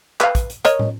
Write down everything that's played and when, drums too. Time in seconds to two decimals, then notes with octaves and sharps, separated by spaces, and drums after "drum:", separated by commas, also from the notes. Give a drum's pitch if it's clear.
0.20 B4 F5, drum: clap
0.35 drum: kick, hi-hat
0.50 drum: hi-hat
0.65 A#4 C#5 D#5, drum: hi-hat
0.79 drum: tom